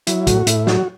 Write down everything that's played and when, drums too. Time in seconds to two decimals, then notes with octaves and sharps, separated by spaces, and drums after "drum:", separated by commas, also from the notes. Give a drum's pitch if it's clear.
0.07 F#3 E4, drum: hi-hat
0.27 A2 F#4, drum: kick, hi-hat
0.47 A2 E4, drum: hi-hat
0.67 F#3 F#4, drum: snare